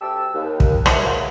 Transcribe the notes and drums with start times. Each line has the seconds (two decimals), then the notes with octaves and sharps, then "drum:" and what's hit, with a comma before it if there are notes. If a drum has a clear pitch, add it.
0.01 D2 G4 A5 E6
0.34 D#2
0.60 drum: kick
0.86 D#2 C3 D#5 E5, drum: rim click
1.03 D#3 E3 F#3 G#3 A#3 F#4